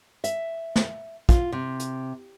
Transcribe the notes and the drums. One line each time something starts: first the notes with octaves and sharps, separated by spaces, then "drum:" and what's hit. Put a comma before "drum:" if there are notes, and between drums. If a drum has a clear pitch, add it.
E5, drum: hi-hat
drum: snare
F4, drum: kick, hi-hat
C3
drum: hi-hat